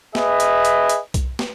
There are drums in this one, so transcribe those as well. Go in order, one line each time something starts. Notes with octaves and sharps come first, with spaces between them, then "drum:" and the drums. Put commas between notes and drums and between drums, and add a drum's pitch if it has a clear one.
G#4 B4 D#5 E5, drum: snare
drum: hi-hat
drum: hi-hat
drum: hi-hat
drum: kick B1, hi-hat
drum: snare